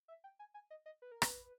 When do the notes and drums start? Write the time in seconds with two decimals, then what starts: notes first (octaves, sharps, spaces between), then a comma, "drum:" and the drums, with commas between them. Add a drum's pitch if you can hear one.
0.08 E5
0.24 G5
0.39 G#5
0.54 G#5
0.70 D#5
0.86 D#5
1.02 B4
1.12 A#4
1.22 B4, drum: rim click